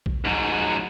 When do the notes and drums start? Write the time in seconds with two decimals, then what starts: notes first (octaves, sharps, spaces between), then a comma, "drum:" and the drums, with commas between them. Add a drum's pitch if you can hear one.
0.06 drum: kick A#1
0.25 G#2 F#3